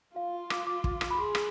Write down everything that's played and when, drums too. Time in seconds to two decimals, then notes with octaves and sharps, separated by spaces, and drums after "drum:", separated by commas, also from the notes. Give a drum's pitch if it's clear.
0.16 F4 F5
0.50 D6, drum: rim click
0.67 D6
0.84 drum: kick
1.01 drum: rim click
1.11 B5
1.17 G#4 C6
1.35 drum: rim click